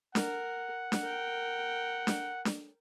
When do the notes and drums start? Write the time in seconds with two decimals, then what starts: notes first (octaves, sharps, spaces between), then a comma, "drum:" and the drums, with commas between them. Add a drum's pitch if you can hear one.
0.15 A#4 F#5, drum: snare D4
0.92 drum: snare D4
1.01 A#4 G5
2.07 drum: snare D4
2.45 drum: snare D4